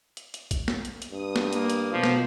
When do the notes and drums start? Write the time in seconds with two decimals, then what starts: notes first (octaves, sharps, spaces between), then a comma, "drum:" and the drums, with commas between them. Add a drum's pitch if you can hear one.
0.17 drum: hi-hat
0.34 drum: hi-hat
0.51 drum: kick A#1, hi-hat
0.68 drum: snare
0.85 drum: hi-hat
1.02 drum: hi-hat
1.11 G2 D#6
1.36 drum: snare
1.53 A#3, drum: hi-hat
1.70 drum: hi-hat
1.92 B2 F3 B3
2.03 drum: snare